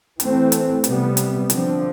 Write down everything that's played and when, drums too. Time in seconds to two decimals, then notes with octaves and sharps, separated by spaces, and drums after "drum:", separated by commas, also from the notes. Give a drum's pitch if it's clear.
0.20 E3 A3 C4, drum: hi-hat
0.52 drum: hi-hat
0.84 C3 G3 B3, drum: hi-hat
1.17 drum: hi-hat
1.50 D3 F3 C4, drum: hi-hat